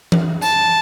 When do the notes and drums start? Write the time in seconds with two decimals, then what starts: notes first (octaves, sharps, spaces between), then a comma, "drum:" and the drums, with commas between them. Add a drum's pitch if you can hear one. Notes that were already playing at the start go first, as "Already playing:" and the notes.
0.12 drum: tom E3
0.42 A5, drum: tambourine